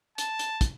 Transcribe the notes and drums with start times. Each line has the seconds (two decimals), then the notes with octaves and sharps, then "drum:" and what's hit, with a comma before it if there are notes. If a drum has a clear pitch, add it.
0.18 A5, drum: hi-hat
0.39 drum: hi-hat
0.61 drum: kick, hi-hat